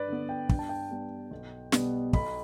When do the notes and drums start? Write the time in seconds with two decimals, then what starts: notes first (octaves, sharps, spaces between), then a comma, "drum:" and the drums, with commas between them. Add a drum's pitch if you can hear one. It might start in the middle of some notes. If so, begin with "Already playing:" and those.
Already playing: G2 B4 D5
0.08 D3 B3
0.29 G5
0.49 G2 G5, drum: kick
0.59 A5
0.69 G5
0.91 G3 B3
1.31 B1
1.72 B2 G3 B3, drum: snare
2.13 B1 B5, drum: kick